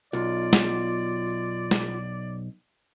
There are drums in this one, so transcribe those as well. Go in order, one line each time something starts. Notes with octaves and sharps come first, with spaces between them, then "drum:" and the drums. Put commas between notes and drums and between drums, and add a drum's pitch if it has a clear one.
B1 F4 D5
drum: snare
drum: snare